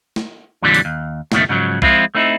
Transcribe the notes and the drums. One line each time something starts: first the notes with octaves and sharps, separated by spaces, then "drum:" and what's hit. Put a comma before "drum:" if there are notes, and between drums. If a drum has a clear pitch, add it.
drum: snare
F2 A#2 D3 E3 F#3 G3
drum: open hi-hat
D#2
C#2 F#2 B2 D#3 A3, drum: snare
G#2 C#3 F3 F#3
F3 G#3 A#3 C4 E4 F4, drum: kick
A3 C4 D#4 E4